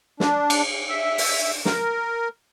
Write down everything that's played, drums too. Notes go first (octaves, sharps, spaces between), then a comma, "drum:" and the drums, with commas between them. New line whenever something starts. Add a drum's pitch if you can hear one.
D4, drum: snare
drum: cymbal
E5
drum: open hi-hat
A#4, drum: snare